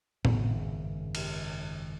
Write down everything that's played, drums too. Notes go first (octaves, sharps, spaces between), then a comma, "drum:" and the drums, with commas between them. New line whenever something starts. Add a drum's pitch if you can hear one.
G#1 F#2 C#3, drum: tom A2
drum: cymbal